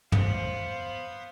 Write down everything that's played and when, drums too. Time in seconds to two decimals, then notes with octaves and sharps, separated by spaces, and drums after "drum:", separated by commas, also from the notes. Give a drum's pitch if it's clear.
0.12 B3 C5 F5, drum: tom